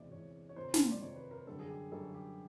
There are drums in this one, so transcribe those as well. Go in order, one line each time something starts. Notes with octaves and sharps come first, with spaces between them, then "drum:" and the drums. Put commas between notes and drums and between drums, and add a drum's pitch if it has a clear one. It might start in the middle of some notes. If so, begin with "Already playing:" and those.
Already playing: E2 C3 E3 G#3 D5 D#5
E2 C3 E3 G#3 C#5
C#5
F2 C3 D#3 C5
drum: snare
D5
F2 C3 D#3 C#5
B4
A#4
F#2 D3 G3 A4
G#4
G4
F#2 D3 G3 A4
G4